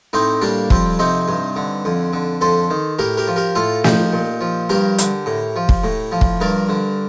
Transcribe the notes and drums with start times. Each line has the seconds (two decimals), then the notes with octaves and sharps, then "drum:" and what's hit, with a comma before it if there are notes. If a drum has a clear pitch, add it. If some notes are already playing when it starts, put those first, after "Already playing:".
0.13 A2 C4 D#4
0.41 G3 A#3 D4
0.70 F2 C4, drum: kick
0.99 C3 C4 D#4
1.28 G2
1.56 D3
1.85 F2
2.13 D3
2.41 F2 A4 C5
2.70 D#3
2.99 A2 G4 A#4
3.17 G4 A#4
3.27 F3
3.36 G4 A#4
3.55 A2 F4 A4
3.84 F3 D#4 G4, drum: snare
4.13 A#2
4.41 F3
4.69 G2 G4 A#4
4.98 D3, drum: hi-hat
5.26 A2
5.56 F3
5.69 drum: kick
5.84 A2
6.12 F3
6.21 drum: kick
6.40 G2 A#4 D5
6.69 D3